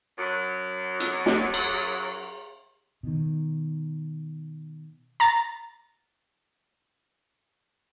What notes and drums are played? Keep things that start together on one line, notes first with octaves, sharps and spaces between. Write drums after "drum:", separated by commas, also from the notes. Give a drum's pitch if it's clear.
F#2 F#3
drum: hi-hat
drum: snare
drum: cymbal
B2 D#3
A#5 A6